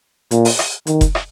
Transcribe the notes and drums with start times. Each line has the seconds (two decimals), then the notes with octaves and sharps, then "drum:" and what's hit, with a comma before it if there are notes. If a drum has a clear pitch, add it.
0.31 A#2, drum: hi-hat
0.45 drum: open hi-hat
0.59 drum: rim click
0.87 D#3, drum: hi-hat
1.01 drum: kick F1, hi-hat
1.15 drum: rim click